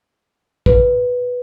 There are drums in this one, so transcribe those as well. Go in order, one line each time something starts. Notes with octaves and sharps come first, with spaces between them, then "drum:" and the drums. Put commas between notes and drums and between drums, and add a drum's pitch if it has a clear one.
B4, drum: kick